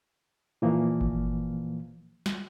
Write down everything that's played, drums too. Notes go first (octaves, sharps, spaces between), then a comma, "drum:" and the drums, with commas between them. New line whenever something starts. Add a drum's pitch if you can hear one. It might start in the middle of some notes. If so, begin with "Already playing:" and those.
A#2 E3 F3 A#3
drum: kick G1
drum: snare